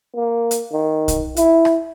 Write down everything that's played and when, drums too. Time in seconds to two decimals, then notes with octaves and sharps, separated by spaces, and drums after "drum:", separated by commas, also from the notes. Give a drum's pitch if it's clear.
0.16 A#3
0.51 drum: hi-hat
0.72 D#3
1.08 drum: kick, hi-hat
1.36 E4, drum: hi-hat
1.65 drum: rim click